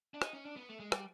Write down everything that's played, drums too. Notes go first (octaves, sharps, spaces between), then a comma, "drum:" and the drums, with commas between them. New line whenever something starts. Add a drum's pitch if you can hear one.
D4
D#4, drum: rim click
C#4
D4
B3
A3
G#3
G3, drum: rim click